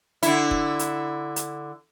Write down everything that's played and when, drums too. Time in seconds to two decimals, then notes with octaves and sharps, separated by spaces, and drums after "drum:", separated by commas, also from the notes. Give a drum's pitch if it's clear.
0.23 D3 E4, drum: hi-hat
0.51 drum: kick F1
0.79 drum: hi-hat
1.36 drum: hi-hat